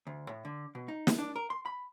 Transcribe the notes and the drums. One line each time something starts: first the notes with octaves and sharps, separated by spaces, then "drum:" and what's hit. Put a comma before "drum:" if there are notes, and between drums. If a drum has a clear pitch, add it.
D2
A2
D3
B2
D#4
drum: snare
D4
A#4
C6
B5